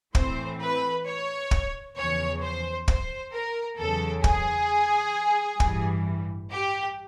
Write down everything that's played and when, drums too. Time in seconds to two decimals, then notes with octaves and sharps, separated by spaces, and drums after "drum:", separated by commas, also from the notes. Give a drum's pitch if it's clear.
0.15 A2 E3 A3 C4 C5, drum: kick
0.61 B4
1.06 C#5
1.51 drum: kick
1.97 E2 C#3 F3 C#5
2.42 C5
2.88 C5, drum: kick
3.33 A#4
3.78 E2 C#3 F#3 A4
4.24 G#4, drum: kick
5.60 A1 G2 E3 G3, drum: kick
6.51 G4